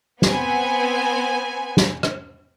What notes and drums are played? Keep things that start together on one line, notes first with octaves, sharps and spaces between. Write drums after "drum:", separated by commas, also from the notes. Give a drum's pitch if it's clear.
B3 C4 G#5, drum: snare
drum: snare
drum: rim click